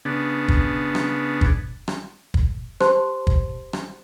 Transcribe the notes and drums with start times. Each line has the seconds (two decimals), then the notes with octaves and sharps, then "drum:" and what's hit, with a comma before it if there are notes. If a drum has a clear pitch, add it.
0.05 C#3 B3 D4
0.48 drum: kick
0.95 drum: rim click
1.41 drum: kick
1.88 drum: rim click
2.34 drum: kick
2.80 G4 C5 A5 C6, drum: rim click
3.27 drum: kick
3.73 drum: rim click